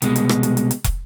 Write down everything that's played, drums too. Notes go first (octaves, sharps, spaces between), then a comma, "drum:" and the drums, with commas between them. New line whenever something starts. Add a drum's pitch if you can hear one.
C2 B2 G#3, drum: hi-hat
drum: hi-hat
drum: rim click
drum: hi-hat
drum: hi-hat
drum: hi-hat
drum: kick, hi-hat